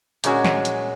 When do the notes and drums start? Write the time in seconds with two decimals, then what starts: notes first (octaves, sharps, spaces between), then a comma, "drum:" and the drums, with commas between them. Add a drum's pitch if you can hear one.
0.24 A#2 G#3 C#4 F#4, drum: hi-hat
0.45 drum: snare
0.65 drum: hi-hat